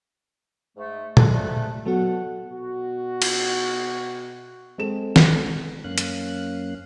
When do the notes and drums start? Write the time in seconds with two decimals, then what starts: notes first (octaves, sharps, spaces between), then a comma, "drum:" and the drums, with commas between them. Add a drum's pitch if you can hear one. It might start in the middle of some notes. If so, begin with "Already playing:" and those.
0.76 G#2 A3
1.17 G#3 A4 A5 F#6, drum: tom A#2
1.32 F3 G3 A3
1.86 F#3 B3 F#4 A4 F#5
2.50 B2 F#4
3.22 drum: cymbal
4.78 G#3 C4 A4 E7
5.16 drum: snare
5.84 F#2 A#3 C#4 F5 F#6
5.98 drum: hi-hat